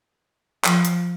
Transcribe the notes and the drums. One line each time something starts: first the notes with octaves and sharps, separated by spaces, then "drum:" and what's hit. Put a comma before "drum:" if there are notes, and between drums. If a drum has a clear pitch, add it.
F3, drum: clap
drum: hi-hat